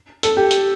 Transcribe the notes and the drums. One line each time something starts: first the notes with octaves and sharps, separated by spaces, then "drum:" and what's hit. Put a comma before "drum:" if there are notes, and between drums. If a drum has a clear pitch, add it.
A4, drum: hi-hat
G4
drum: hi-hat